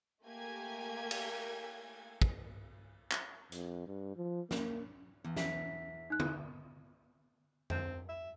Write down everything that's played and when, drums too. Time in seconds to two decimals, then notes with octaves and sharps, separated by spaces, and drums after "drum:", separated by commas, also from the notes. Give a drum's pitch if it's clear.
0.24 A3 A#3 G4 A#4 G#5 G#6
1.11 drum: cymbal
2.22 drum: kick
3.11 drum: clap
3.52 F2, drum: hi-hat
3.87 G2
4.17 F3
4.51 A#3, drum: snare
5.24 E2 B3
5.36 E5 B6, drum: snare
6.10 D#4 F#6
6.20 drum: tom
7.70 C4, drum: tom F2
8.09 E5